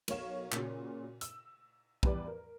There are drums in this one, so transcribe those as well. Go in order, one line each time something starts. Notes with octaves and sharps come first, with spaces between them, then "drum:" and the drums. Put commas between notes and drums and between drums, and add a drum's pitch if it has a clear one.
B1 A#4 C#5 F5 E7, drum: cymbal
A#2 C#3 C#4 F#4, drum: clap
E6, drum: hi-hat
E2 G3 B4 D5, drum: kick
A#4